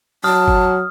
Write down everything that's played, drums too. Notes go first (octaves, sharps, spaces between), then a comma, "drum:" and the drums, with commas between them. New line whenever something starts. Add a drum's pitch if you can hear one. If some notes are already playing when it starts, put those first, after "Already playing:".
F#3 A5 D#6 F6
drum: kick G1